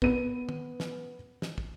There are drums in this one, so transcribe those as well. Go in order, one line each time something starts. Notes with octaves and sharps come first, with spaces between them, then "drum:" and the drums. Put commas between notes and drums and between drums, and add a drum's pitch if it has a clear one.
B3 D#7, drum: kick
drum: tom
drum: snare
drum: snare
drum: kick